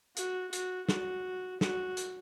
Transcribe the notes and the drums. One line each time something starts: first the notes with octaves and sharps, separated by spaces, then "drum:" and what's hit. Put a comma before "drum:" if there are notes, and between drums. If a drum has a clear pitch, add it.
F#4, drum: hi-hat
F#4, drum: hi-hat
F#4, drum: snare
F#4, drum: snare
drum: hi-hat